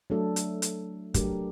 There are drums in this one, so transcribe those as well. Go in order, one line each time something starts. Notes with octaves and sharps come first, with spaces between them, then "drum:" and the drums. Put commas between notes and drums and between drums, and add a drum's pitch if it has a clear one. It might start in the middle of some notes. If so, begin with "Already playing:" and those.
F#3 A3 D4 A4
drum: hi-hat
drum: hi-hat
F#3 A3 D4 G4 A#4, drum: kick, hi-hat